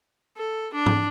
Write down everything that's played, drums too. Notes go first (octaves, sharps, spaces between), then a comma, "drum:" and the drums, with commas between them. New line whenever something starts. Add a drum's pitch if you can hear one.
A4
D4
drum: tom G#2